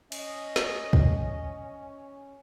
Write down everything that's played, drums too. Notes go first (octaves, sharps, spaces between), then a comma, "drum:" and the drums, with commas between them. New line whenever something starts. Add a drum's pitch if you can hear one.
C#4 D#5, drum: cymbal
drum: snare
drum: kick